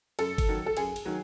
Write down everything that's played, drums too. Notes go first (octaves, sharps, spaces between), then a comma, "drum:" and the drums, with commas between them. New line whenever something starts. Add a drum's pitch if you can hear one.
F#2 A4, drum: cymbal
drum: kick G1, cymbal
D#3 F#3
A4
F#2 G#4, drum: cymbal
drum: cymbal
D#3 F#3